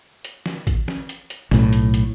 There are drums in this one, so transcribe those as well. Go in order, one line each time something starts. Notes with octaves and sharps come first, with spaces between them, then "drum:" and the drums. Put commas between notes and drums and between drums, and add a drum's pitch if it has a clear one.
drum: hi-hat
drum: snare
drum: kick, hi-hat
drum: snare
drum: hi-hat
drum: hi-hat
B1 A2, drum: snare
drum: hi-hat
drum: hi-hat